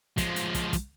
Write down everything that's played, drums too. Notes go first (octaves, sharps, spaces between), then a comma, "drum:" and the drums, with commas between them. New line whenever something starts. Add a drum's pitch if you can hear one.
F3 G#3, drum: kick, hi-hat
drum: hi-hat
drum: kick, hi-hat
drum: kick, hi-hat